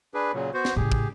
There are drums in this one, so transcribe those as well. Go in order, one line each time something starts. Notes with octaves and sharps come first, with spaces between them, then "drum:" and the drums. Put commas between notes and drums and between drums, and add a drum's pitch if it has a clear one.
D4 G#4 B4
A#2 C#3 F#3
B3 F#4 C5
drum: snare
A2 C#3 G4 G#4
drum: kick